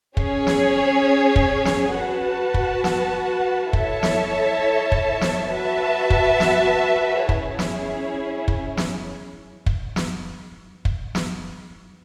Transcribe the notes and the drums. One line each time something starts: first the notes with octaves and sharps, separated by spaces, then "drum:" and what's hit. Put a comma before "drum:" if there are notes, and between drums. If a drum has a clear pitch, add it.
C#4 G#4 C#5, drum: kick
drum: snare
drum: kick
drum: snare
F#4 B4 F#5 A5
drum: kick
drum: snare
E4 A4 C#5 E5 A5, drum: kick
drum: snare
drum: kick
drum: snare
F#4 B4 E5 A5
drum: kick
drum: snare
C#4 E4 G#4 C#5, drum: kick
drum: snare
drum: kick
drum: snare
drum: kick
drum: snare
drum: kick
drum: snare